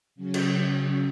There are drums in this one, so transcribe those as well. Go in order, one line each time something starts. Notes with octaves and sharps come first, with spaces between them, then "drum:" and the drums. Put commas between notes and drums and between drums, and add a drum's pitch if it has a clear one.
C#3 F#3 C#4
drum: cymbal